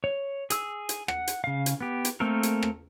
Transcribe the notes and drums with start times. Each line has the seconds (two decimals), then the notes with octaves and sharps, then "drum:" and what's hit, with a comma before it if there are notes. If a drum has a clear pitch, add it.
0.04 C#5
0.50 G#4 E6, drum: hi-hat
0.89 drum: hi-hat
1.08 F#5, drum: rim click
1.27 drum: hi-hat
1.44 C#3 F5
1.66 drum: hi-hat
1.81 B3 G4
2.05 drum: hi-hat
2.20 A3 A#3 C4 A4 A#4
2.43 drum: hi-hat
2.63 drum: rim click